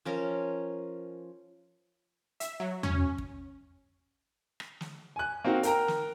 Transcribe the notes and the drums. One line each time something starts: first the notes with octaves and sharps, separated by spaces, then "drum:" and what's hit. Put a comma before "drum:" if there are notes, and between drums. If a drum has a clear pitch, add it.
F3 C#4 A#4
E5, drum: hi-hat
F#3
C#4, drum: tom E2
drum: kick
drum: rim click
drum: snare
G#5 F#6
A#3 C4 D#4 F#4
A#4 G5 A#5, drum: hi-hat
drum: snare